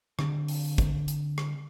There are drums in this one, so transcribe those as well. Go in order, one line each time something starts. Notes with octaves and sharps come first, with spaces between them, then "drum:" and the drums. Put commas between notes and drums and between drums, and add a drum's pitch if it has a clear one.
D3 C4, drum: rim click
drum: open hi-hat
drum: kick, hi-hat
drum: hi-hat
drum: rim click